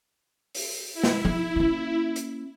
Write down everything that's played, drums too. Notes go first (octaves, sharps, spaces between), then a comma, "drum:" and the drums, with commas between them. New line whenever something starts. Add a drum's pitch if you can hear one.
drum: open hi-hat
E4
drum: snare
D#4, drum: tom F3
A#3 C#4
drum: hi-hat